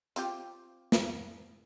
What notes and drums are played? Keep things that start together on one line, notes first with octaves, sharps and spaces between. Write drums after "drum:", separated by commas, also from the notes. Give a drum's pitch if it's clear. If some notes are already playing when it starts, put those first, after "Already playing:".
C4 F4 G4, drum: hi-hat
drum: snare